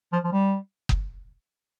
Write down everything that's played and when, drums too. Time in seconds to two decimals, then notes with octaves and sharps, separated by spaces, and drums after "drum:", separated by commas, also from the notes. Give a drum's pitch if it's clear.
0.12 F3
0.24 F3
0.32 G3
0.89 drum: kick F#1